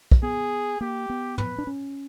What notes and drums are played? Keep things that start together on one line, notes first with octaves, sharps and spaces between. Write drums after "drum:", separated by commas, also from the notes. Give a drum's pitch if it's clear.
drum: kick
B3 G#4
A#3 G4
B3
B4, drum: tom
D4
C#4